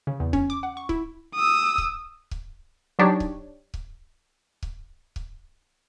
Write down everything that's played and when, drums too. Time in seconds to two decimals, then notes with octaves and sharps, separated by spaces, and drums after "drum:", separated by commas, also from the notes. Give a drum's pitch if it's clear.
0.07 C#3
0.20 E2
0.33 C#4, drum: kick C#1
0.50 D6
0.63 F#5
0.77 C#6
0.89 E4, drum: kick C#1
1.35 D#6 E6
1.78 drum: kick C#1
2.31 drum: kick C#1
2.99 F#3 D4 D#4 G4 C#5
3.20 drum: kick C#1
3.74 drum: kick C#1
4.63 drum: kick C#1
5.16 drum: kick C#1